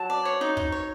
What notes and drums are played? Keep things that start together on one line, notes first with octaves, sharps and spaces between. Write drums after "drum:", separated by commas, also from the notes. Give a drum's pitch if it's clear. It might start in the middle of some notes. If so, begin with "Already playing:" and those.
Already playing: F#3 F#4 A5
D5
C#5
D#4
D#4, drum: kick
C#5